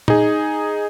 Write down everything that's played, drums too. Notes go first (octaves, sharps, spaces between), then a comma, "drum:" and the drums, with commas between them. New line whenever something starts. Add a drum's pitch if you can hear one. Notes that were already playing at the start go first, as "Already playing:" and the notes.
D#4 G#4, drum: tom